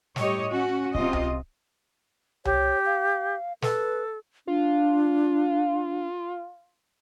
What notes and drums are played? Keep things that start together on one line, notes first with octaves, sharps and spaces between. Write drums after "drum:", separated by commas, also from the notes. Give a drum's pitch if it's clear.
A2 G3 G4 C#5 D#5, drum: snare
C#4 F#4
C3 F4 D#5, drum: kick C#1
drum: tom C2
G4 C#5, drum: tom C2
F5
A4 B4, drum: snare
D4 F4